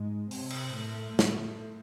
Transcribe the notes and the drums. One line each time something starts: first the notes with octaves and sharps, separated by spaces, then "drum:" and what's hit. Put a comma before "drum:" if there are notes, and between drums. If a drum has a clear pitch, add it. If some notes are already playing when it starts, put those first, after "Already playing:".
Already playing: G#2 G#3
C3 C4, drum: open hi-hat
drum: cymbal
A2 A3
A2 A3, drum: snare